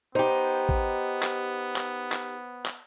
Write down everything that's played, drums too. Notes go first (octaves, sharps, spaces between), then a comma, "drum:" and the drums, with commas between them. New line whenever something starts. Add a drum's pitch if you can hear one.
B3 D#4 G4 C5
drum: kick A1
drum: clap
drum: clap
drum: clap
drum: clap